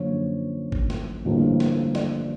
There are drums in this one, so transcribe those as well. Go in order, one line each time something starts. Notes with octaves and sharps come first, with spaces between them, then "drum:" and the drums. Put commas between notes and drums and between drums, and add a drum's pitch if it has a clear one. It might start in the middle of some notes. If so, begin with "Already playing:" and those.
Already playing: F#2 D3 F3 A#3 C#5
drum: kick G#1
drum: snare
A1 G2 D3 F3 A#3
drum: snare
D5, drum: snare